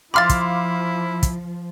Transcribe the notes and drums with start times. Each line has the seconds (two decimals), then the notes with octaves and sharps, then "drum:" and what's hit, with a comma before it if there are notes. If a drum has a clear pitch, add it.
0.14 F3 E4 F5 B5 C6 D6 F6 A6
0.29 drum: kick, hi-hat
1.23 drum: kick, hi-hat